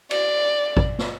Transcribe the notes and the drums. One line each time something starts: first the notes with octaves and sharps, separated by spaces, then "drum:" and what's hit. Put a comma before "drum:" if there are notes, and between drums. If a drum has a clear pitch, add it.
D5, drum: cymbal
drum: kick G#1
drum: snare